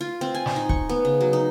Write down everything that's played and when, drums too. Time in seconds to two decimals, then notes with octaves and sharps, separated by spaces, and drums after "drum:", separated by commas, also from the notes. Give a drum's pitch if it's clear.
0.01 F4
0.21 C4
0.35 G#5
0.46 drum: snare
0.56 D#4
0.69 C#6, drum: kick
0.89 B3
1.05 C#3
1.21 F#3
1.33 D#4